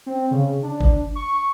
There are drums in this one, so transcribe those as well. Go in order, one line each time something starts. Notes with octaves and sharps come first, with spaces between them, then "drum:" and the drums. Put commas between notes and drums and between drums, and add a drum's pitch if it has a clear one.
C4
C#3
D4
drum: kick G1
C#6